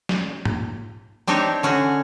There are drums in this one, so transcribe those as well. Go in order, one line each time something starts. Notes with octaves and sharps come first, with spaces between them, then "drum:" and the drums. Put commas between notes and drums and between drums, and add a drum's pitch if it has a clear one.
drum: snare
drum: tom G#2
C4 D4 D#4 G4 C#5
D3 C#4 F#4 G#4